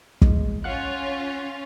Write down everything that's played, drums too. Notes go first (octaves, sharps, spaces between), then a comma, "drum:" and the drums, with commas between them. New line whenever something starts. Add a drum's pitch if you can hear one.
G#3, drum: kick
C#4 F4 F5 F#5 F#6